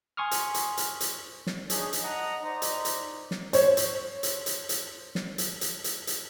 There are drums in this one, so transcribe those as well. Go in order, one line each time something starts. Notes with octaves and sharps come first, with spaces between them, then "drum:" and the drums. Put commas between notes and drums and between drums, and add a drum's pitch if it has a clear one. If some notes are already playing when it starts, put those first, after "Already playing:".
G#5 C6 C#6 D#6 F6
drum: hi-hat
drum: hi-hat
drum: hi-hat
drum: hi-hat
drum: snare
D4 D#4 G#4 C#5, drum: hi-hat
drum: hi-hat
D#5 F#5 A5 A#5
D#4 C5 D5 A#5
drum: hi-hat
drum: hi-hat
drum: snare
C5 C#5, drum: hi-hat
drum: hi-hat
drum: hi-hat
drum: hi-hat
drum: hi-hat
drum: snare
drum: hi-hat
drum: hi-hat
drum: hi-hat
drum: hi-hat